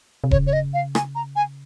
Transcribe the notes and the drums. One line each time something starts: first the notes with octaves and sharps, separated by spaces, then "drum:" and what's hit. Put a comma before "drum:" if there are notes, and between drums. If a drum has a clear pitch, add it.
C3
C#3 C#5, drum: kick E1
C#5
D#5
F5
G#5, drum: rim click
A#5
G#5